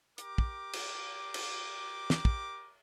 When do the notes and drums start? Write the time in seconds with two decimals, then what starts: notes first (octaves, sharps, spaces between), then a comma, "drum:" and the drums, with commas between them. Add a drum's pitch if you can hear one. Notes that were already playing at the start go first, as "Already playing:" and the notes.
0.18 G4 A#4 D6, drum: hi-hat
0.38 drum: kick
0.73 drum: cymbal
1.34 drum: cymbal
2.10 drum: snare
2.25 drum: kick